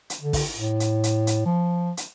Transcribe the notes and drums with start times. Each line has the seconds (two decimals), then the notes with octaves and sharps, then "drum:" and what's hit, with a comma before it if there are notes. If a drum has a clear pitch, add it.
0.10 drum: hi-hat
0.21 D3
0.33 drum: kick, open hi-hat
0.57 A2
0.80 drum: hi-hat
1.04 drum: hi-hat
1.27 drum: hi-hat
1.46 F3
1.97 drum: hi-hat